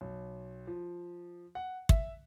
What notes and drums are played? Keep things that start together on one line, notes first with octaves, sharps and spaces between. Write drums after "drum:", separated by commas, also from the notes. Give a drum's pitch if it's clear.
B1
F3
F#5
E5, drum: kick